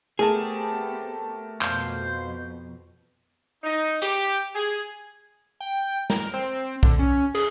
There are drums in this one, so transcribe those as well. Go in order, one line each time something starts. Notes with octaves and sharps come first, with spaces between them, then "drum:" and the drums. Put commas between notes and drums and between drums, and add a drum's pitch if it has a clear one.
A3 B3 C4 G4 G#4 A#4 A5
F2 B2 C5 F5, drum: clap
D#4
G4, drum: hi-hat
G#4
G5
A#4, drum: snare
C4
D3, drum: kick B1
C#4
G#4, drum: cymbal